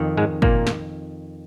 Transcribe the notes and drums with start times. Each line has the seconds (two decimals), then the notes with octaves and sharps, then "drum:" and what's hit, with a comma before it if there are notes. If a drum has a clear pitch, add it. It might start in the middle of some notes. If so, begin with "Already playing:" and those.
Already playing: F2 D#3
0.17 G#2 G#3
0.42 A#2 A#3, drum: kick
0.67 drum: snare